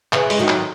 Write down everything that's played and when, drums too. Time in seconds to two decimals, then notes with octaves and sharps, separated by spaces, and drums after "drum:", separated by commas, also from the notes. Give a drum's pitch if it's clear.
0.13 C#3 E3, drum: clap
0.30 G#3, drum: open hi-hat
0.39 D#3 F#3
0.48 drum: clap